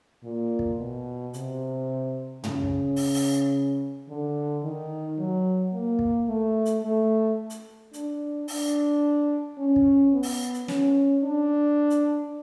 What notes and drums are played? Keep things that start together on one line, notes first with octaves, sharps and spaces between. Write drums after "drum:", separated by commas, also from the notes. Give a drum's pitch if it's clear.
A#2
drum: kick
B2
C3, drum: hi-hat
C#3, drum: tom
drum: kick
drum: open hi-hat
drum: open hi-hat
D3
D#3
F#3
A#3
drum: kick
A3
drum: hi-hat
A3
drum: hi-hat
D4, drum: hi-hat
D4, drum: open hi-hat
C#4
drum: kick
B3
drum: open hi-hat
drum: hi-hat
C#4, drum: snare
D4
drum: hi-hat